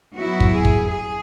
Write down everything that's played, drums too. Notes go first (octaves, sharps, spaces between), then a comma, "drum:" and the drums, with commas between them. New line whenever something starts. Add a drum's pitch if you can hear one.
F#3 B3 E4 F#4
drum: kick
G#4
drum: kick
G#4